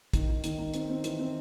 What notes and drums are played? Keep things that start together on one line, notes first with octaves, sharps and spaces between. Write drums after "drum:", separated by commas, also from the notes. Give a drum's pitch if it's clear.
D#3, drum: kick, hi-hat
D#3
D#3, drum: hi-hat
D#3
C4, drum: hi-hat
C4
E3, drum: hi-hat
C4